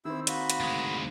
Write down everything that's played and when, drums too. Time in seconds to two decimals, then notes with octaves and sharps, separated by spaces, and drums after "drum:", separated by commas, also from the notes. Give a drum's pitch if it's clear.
0.05 D#3 C4 E4 E6
0.27 A#3 F#4 B5, drum: hi-hat
0.50 drum: hi-hat
0.60 D2 G#3